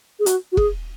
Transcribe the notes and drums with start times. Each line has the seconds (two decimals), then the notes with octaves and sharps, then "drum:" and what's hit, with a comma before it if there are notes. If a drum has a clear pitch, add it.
0.19 G#4
0.26 F#4, drum: hi-hat
0.52 F#4
0.57 G#4, drum: kick F1